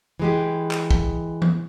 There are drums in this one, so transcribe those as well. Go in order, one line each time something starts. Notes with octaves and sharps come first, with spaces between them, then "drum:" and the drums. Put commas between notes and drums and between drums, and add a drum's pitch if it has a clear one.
E3 G#3 G4
drum: clap
drum: kick
drum: tom